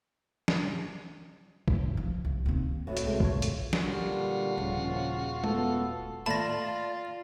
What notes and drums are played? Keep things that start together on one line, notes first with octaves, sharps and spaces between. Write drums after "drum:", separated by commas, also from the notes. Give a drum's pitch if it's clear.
drum: snare
D4, drum: kick
F3
C2
D#2 C4
A2 C3 F#3
drum: hi-hat
G#3 A3 C4
F4 C#5, drum: kick
drum: hi-hat
drum: snare
A#2 D3 G3 F4 F#4
D#1 C#3 F3
F#2 A3 B3 A4, drum: tom G#3
A3 F4 D5 A5 B5 A#6